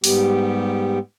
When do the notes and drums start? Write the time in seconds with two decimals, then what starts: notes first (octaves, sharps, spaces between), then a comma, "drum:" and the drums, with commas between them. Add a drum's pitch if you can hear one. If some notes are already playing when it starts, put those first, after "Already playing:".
0.04 G#2 G3 B3 G4, drum: open hi-hat